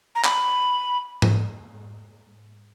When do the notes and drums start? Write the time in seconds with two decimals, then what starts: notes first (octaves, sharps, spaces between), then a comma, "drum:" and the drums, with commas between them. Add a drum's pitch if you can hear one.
0.15 A#5
0.25 B5, drum: clap
1.22 drum: tom G#2